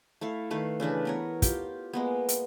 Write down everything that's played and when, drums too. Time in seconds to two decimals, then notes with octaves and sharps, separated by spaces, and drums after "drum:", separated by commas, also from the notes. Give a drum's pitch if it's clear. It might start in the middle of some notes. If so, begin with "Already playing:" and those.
0.21 A3 E4 F5
0.50 D#3 A3 B4 F5
0.80 C#3 E3 D4 B4
1.05 B3 A#4 C#5
1.42 F4 G4, drum: kick, hi-hat
1.93 G#3 A#3 B3
2.29 drum: hi-hat